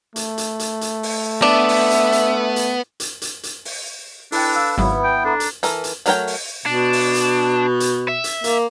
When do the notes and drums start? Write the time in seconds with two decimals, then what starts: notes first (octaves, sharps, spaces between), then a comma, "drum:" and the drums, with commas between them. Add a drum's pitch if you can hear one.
0.16 A3, drum: hi-hat
0.38 drum: hi-hat
0.59 drum: hi-hat
0.81 drum: hi-hat
1.03 drum: open hi-hat
1.42 B3 D4 E5
1.69 drum: open hi-hat
1.91 drum: hi-hat
2.12 drum: hi-hat
2.56 drum: hi-hat
3.00 drum: hi-hat
3.22 drum: hi-hat
3.43 drum: hi-hat
3.65 drum: open hi-hat
4.32 D4 E4 A4 B4 G5, drum: open hi-hat
4.56 F5 E6
4.78 G#1 F#3 B3 E4
4.91 B4
5.04 G5
5.25 D4 A4 A#5
5.40 drum: hi-hat
5.63 E3 A4 A#4, drum: hi-hat
5.84 drum: hi-hat
6.06 F#3 A3 A#4 C#5 G5, drum: hi-hat
6.27 drum: open hi-hat
6.66 B2 D4
6.93 drum: open hi-hat
7.15 drum: hi-hat
7.80 drum: hi-hat
8.08 E5
8.24 drum: hi-hat
8.44 A#3, drum: hi-hat